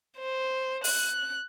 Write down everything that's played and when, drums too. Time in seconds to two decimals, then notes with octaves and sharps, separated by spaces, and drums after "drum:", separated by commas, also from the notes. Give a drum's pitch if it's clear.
0.18 C5
0.84 F#6, drum: open hi-hat